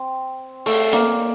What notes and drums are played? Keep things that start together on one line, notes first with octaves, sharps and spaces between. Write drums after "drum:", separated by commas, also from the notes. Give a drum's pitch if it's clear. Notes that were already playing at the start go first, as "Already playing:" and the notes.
Already playing: C4
A3, drum: open hi-hat
A#3, drum: hi-hat